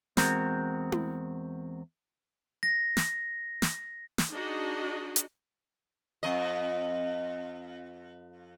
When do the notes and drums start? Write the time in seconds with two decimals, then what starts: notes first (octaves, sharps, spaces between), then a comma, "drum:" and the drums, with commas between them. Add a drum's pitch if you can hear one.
0.17 E2 G#3 C4 F#4 A#4, drum: snare
0.92 drum: tom E4
2.63 A#6
2.97 drum: snare
3.62 drum: snare
4.18 drum: snare
4.32 D4 D#4 F#4 G#4 D#5
5.16 drum: hi-hat
6.23 F2 D#5